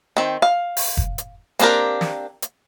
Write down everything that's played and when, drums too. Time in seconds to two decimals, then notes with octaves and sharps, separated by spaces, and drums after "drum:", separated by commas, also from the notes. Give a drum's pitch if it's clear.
0.17 D#3 C4
0.42 F5
0.77 drum: open hi-hat
0.97 drum: kick
1.18 drum: hi-hat
1.59 A#3 C4 D4 G4 A#4, drum: hi-hat
2.01 drum: snare
2.42 drum: hi-hat